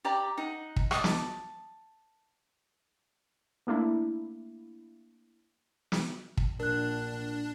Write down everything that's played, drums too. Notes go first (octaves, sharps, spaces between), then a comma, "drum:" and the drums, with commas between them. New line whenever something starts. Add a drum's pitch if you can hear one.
G4 D5 A#5 D6
D#4 F#5
drum: kick
D5 D#5 C#6, drum: rim click
A5, drum: snare
A3 A#3 D4 E4
drum: snare
drum: kick
A#1 D4 A#4 F#6